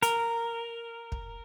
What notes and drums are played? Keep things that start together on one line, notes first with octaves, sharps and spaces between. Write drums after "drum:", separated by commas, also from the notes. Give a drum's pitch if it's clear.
A#4, drum: hi-hat
drum: kick